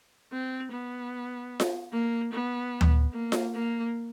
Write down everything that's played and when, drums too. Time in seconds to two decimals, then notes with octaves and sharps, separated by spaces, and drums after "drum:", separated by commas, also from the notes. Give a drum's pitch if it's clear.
0.32 C4
0.72 B3
1.60 drum: snare F4
1.93 A#3
2.33 B3
2.81 drum: tom D2
3.14 A#3
3.32 drum: snare F4
3.54 A#3